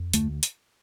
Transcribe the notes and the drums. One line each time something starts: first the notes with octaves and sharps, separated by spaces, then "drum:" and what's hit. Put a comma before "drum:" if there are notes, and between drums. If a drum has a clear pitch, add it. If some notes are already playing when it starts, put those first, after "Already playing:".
Already playing: F2
D2 A3, drum: hi-hat
drum: hi-hat